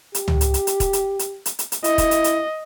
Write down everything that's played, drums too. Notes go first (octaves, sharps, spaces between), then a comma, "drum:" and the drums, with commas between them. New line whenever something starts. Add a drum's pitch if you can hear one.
G4, drum: hi-hat
drum: tom C#2
drum: hi-hat
drum: hi-hat
drum: hi-hat
drum: kick, hi-hat
drum: hi-hat
drum: hi-hat
drum: hi-hat
drum: hi-hat
drum: hi-hat
E4 D#5, drum: hi-hat
drum: kick, hi-hat
drum: hi-hat
drum: hi-hat